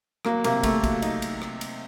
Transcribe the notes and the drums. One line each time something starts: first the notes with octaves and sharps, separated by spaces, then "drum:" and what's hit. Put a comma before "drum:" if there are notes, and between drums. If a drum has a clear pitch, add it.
F#3 A#3, drum: rim click
C3 A#3, drum: cymbal
A3 A#3, drum: kick, cymbal
F#3, drum: kick, cymbal
D#4, drum: cymbal
drum: cymbal
drum: rim click
drum: cymbal